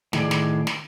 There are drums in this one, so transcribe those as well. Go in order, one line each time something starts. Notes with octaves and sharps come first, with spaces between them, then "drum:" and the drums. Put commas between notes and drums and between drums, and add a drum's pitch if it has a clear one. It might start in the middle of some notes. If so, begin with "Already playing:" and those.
A2 D#3 G#4 D5, drum: snare
drum: snare
drum: snare